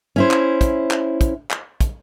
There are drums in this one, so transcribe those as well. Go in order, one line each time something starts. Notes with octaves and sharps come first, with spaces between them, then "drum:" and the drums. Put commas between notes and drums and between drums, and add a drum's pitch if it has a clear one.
C#4 E4 C5
drum: clap
drum: kick, hi-hat
drum: clap
drum: kick, hi-hat
drum: clap
drum: kick, hi-hat